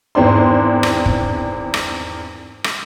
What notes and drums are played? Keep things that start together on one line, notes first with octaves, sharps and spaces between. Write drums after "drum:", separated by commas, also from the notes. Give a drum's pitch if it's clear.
G#1 E2 C4 D4 C6
drum: rim click
drum: kick
drum: rim click
drum: rim click